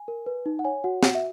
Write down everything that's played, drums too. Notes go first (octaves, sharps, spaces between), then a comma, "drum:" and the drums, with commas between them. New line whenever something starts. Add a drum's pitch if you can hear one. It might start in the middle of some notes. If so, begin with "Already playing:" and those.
Already playing: G#5
A#4
B4
D#4
F#5
C#5 G#5
F#4 F#5
F#4 F#5, drum: snare
E5